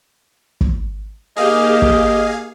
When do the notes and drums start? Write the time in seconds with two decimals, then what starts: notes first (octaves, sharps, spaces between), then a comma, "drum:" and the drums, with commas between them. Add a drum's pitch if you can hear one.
0.61 drum: kick
1.37 A#3 D#4 G4 G#4 D#5 F5
1.82 drum: kick